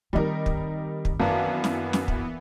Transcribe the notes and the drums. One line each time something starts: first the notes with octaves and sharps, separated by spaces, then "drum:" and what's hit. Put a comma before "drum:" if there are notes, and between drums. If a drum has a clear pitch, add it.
D#3 G3 C4 D#4 A#4
drum: kick
drum: kick
F#2 E3 A#3 B3 D4
drum: snare
drum: snare
drum: kick